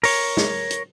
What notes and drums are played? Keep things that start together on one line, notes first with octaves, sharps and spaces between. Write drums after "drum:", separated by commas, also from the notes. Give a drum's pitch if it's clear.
A#4 C#5, drum: open hi-hat
drum: snare
drum: hi-hat